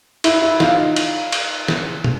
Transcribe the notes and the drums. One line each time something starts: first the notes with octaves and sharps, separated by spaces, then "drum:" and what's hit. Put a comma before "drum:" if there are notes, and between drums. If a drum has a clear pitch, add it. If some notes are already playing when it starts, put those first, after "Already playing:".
E4, drum: cymbal
E4
D#4 F4, drum: snare
drum: cymbal
drum: cymbal
drum: snare
drum: tom